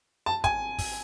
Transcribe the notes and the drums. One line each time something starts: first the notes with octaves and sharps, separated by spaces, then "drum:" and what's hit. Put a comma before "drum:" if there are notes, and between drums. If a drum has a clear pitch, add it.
A5
G#5, drum: kick, hi-hat
drum: kick, open hi-hat